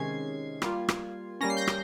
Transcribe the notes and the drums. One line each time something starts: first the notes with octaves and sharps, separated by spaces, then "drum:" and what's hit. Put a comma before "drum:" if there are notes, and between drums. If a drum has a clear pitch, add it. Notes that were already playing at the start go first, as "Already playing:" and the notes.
Already playing: C3 D#3 G#3 C#4 G#6 C7
G3 A#3 F4, drum: rim click
drum: rim click
G3 A#3 C#4 A#6
C7
G6 A#6
drum: rim click